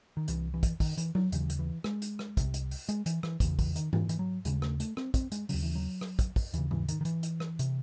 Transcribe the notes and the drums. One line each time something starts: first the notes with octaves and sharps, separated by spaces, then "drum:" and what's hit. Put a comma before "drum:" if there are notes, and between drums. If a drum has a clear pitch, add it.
D#3
C2 C3 E3, drum: hi-hat
E3
drum: kick, hi-hat
D#3, drum: kick, open hi-hat
E3, drum: hi-hat
F#3, drum: tom F#3
D#2 C#3 E3, drum: hi-hat
drum: hi-hat
E3
G#3, drum: rim click
drum: hi-hat
drum: rim click
C2 C3, drum: kick, hi-hat
drum: hi-hat
drum: open hi-hat
G#3, drum: hi-hat
E3, drum: hi-hat
E3, drum: rim click
E2 C#3 E3, drum: kick, hi-hat
E3, drum: kick, open hi-hat
D#3, drum: hi-hat
E3, drum: tom G#2
E3, drum: hi-hat
F#3
D#2 C#3 G#3, drum: hi-hat
A3, drum: rim click
A3, drum: hi-hat
C4, drum: rim click
C4, drum: kick, hi-hat
G#3, drum: hi-hat
D#2 C#3 F#3, drum: open hi-hat
E3
F#3
drum: rim click
drum: kick, hi-hat
drum: kick, open hi-hat
D#2 C#3 E3, drum: hi-hat
E3, drum: tom G#2
D#3, drum: hi-hat
D#3
E3, drum: hi-hat
drum: hi-hat
drum: rim click
C3, drum: hi-hat